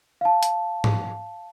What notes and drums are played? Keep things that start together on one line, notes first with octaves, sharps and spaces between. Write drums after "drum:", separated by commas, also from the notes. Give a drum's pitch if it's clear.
F5 A5
drum: hi-hat
drum: tom